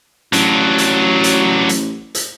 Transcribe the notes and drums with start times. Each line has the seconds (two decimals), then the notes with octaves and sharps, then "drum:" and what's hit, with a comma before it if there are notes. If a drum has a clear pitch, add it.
0.33 A1 F#3 D4, drum: hi-hat
0.78 drum: hi-hat
1.24 drum: hi-hat
1.69 drum: hi-hat
2.15 drum: hi-hat